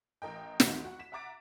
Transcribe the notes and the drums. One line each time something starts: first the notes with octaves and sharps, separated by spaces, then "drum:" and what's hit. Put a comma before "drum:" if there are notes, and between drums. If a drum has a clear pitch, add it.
A1 A#4 D#5 G5
A1 D2 D#3, drum: snare
F#4 F#5
B6 E7
E5 F#5 A#5 D6 A6 D7